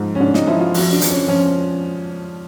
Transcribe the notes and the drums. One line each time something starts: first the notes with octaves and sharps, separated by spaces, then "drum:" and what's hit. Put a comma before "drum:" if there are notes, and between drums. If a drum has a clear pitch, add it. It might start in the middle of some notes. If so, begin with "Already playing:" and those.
Already playing: G#2 F3
C#4
G#2 D4
D#4, drum: snare
F3 E4
F4
F2 F#4, drum: open hi-hat
D4
F2, drum: hi-hat
C#4
F3 C#4